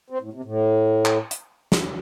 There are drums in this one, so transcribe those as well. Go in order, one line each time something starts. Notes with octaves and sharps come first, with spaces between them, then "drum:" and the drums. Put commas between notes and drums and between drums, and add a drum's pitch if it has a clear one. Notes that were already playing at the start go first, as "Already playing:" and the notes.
C4
A2
C3
A2
drum: clap
drum: hi-hat
drum: snare